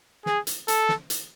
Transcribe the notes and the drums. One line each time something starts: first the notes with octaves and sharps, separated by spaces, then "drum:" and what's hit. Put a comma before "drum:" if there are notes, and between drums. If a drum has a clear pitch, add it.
G#4, drum: snare
drum: hi-hat
A4, drum: hi-hat
drum: snare
drum: hi-hat